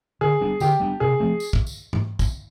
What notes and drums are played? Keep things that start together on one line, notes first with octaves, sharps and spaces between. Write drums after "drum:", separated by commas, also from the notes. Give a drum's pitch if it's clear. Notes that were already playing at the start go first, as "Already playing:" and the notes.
D3 G#4
G3 B3 D4
D3 G4, drum: tambourine
G3 B3 D4
C3 G#4
F3 A3 C4
drum: tambourine
drum: kick
drum: tambourine
drum: tom
drum: kick, tambourine